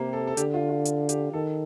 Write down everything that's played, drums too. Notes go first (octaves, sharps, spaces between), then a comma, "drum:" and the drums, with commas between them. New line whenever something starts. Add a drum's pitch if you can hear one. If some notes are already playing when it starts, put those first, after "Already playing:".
Already playing: C3 A#3 G4
A4
A4
D3 G4, drum: hi-hat
F4
F4
drum: hi-hat
G4, drum: hi-hat
D#3 A4